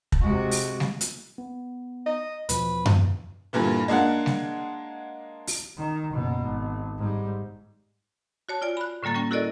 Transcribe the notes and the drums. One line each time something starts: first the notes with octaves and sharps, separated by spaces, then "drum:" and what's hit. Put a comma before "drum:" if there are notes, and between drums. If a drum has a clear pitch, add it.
drum: kick
C3 G#3 F#4
drum: open hi-hat
drum: snare G3
drum: hi-hat
B3
D#5
E2 B2 F3 B4, drum: hi-hat
drum: tom F#2
G2 A#2 D3 E3
G#3 A#3 D4 F#5 F#6
drum: snare G3
drum: open hi-hat
D#3
F#1 B2
G#1
G#2 G3
F#4 C#5 A5
F4 D5 G#5
B5 F#6
A2 D3 G3 A#3 A6
G3 C#4 G5
E4 F#4 A4 A#4 D5 D#5